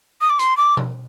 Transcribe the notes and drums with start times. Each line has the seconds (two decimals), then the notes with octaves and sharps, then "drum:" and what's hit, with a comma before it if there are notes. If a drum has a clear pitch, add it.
0.21 D#6
0.30 D6
0.39 C6, drum: hi-hat
0.57 D6
0.77 drum: tom B2